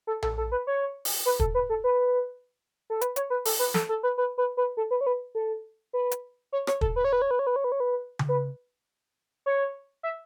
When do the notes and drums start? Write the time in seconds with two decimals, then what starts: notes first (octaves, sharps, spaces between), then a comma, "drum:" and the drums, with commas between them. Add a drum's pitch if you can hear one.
0.07 A4
0.22 A4, drum: tom A#1
0.38 A4
0.52 B4
0.67 C#5
1.05 drum: open hi-hat
1.26 B4
1.40 A4, drum: kick
1.55 B4
1.70 A4
1.84 B4
2.90 A4
3.01 B4, drum: hi-hat
3.16 C#5, drum: hi-hat
3.30 B4
3.45 A4, drum: open hi-hat
3.59 B4
3.74 A4, drum: snare
3.89 A4
4.03 B4
4.18 B4
4.38 B4
4.57 B4
4.77 A4
4.91 B4
5.01 C#5
5.07 B4
5.35 A4
5.93 B4
6.11 drum: hi-hat
6.52 C#5
6.67 C#5, drum: rim click
6.81 A4, drum: kick
6.96 B4
7.05 C#5
7.13 B4
7.22 C#5
7.31 B4
7.39 C#5
7.47 B4
7.56 C#5
7.64 B4
7.72 C#5
7.80 B4
8.19 drum: tom C#3
8.29 B4
9.46 C#5
10.03 E5